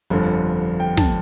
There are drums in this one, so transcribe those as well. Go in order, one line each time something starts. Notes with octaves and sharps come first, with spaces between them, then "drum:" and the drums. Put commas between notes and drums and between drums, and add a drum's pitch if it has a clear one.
G1 F2 D3, drum: hi-hat
G5
A5, drum: snare